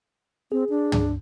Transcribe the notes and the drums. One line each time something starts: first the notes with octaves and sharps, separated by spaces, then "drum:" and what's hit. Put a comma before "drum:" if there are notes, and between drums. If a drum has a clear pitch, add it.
C4 G#4
D4
drum: tom